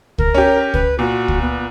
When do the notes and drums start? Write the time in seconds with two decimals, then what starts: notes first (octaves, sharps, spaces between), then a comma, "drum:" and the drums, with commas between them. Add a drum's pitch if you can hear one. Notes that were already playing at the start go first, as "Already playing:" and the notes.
0.18 A#4, drum: kick C#2
0.34 C#4 G4
0.74 B4, drum: kick C#2
0.99 A#2 F#4
1.28 drum: kick C#2
1.41 B3